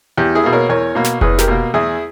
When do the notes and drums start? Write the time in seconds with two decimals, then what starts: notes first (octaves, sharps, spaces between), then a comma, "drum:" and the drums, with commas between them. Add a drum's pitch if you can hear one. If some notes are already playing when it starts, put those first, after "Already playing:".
0.17 E2 G4
0.35 E4 G#4
0.43 B2 A#3
0.53 A#4 C#5
0.69 E2 A#4 C#5
0.95 B2 A#3
1.04 drum: snare
1.21 E2 G#4 B4, drum: kick F1
1.38 G4 A#4, drum: snare
1.48 B2 A#3
1.74 E2 E4 G#4